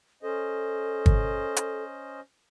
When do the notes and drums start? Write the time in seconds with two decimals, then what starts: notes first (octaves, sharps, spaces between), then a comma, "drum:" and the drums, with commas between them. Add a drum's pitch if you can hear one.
0.23 C#4 A4 C5 D#5
1.06 drum: kick G1
1.57 drum: hi-hat